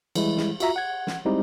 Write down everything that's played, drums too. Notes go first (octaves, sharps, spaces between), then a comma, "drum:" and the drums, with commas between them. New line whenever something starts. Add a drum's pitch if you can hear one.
E3 G3 G#3 E4, drum: cymbal
drum: snare
F4 F#4 E5 A#5, drum: cymbal
F#5 G#6
drum: snare
G3 G#3 C4 D#4 E4 G4